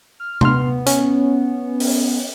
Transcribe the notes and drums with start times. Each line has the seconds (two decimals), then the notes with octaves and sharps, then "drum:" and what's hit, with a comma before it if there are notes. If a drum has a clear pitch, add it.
0.20 F6
0.41 B3 C6 F6, drum: tom C3
0.86 C#4, drum: hi-hat
1.80 drum: open hi-hat